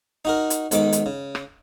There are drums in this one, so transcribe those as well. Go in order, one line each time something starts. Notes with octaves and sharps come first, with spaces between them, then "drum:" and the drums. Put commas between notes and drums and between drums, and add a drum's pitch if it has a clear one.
D#4 F#4 A#4
drum: hi-hat
B1 G#2 D#3 D6, drum: hi-hat
drum: hi-hat
C#3
drum: rim click